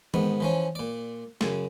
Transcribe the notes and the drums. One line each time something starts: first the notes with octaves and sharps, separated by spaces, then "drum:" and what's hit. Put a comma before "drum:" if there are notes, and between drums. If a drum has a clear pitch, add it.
G#2 D#3 B3, drum: tom E3
E3 F3 C#4
A#2 D5
F#2 C#3, drum: snare